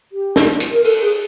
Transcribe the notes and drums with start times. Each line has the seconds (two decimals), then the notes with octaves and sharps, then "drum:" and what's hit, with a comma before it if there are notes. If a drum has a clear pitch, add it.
0.12 G4
0.36 drum: snare
0.60 drum: hi-hat
0.73 A#4
0.84 A4, drum: open hi-hat
1.02 G#4